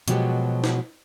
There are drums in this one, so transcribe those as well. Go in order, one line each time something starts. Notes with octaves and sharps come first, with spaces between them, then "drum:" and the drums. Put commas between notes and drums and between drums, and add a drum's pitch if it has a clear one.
B2 F3 F#3 G#3 B3 G4, drum: hi-hat
drum: snare